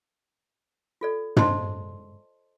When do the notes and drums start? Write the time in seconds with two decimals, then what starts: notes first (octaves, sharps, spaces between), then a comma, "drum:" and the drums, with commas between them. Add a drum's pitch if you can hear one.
1.01 F4 A4 D5
1.36 C5 D5 D#5 A5 C6, drum: tom